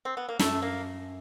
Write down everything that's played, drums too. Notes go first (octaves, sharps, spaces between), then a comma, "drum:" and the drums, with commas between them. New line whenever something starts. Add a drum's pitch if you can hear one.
C4
B3
A#3
F#2 A3, drum: snare
A#3